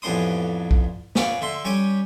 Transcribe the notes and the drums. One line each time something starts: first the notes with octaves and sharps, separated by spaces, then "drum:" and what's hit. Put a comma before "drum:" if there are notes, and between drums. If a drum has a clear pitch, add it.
A1 F2 B3 D4 C6 D#6
drum: kick
B3 C#4 D5 F5, drum: snare
D3 E5 C6
G3 C#4 G4 G#5